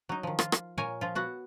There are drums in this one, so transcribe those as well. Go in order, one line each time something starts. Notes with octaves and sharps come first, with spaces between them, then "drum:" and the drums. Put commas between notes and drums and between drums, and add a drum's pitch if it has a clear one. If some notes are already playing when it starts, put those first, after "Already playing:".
F#3 D#4
D#3 F3
F4, drum: rim click
drum: rim click
A#2 A#4 C#5 G#5
F3 F4
B3 F#4 F#5